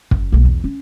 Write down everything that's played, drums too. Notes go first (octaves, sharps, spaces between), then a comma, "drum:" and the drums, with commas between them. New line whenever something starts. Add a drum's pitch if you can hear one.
F#2, drum: kick
B1 A#3
E2
C#4